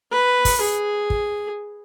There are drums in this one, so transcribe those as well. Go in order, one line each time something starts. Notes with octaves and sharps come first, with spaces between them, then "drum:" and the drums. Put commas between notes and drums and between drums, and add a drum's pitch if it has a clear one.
B4
drum: kick, open hi-hat
G#4
drum: kick